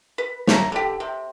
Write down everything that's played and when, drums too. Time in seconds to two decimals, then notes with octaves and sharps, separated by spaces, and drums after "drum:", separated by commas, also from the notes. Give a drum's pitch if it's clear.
0.18 B4
0.47 C#5 E5 A5 A#5, drum: snare
0.72 D3 G4
1.00 C3